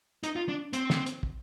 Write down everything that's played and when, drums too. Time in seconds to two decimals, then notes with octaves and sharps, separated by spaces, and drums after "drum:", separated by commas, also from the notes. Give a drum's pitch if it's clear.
0.23 D#4, drum: hi-hat
0.36 F4
0.49 D4
0.73 C4, drum: hi-hat
0.90 drum: snare
1.06 drum: hi-hat
1.23 drum: kick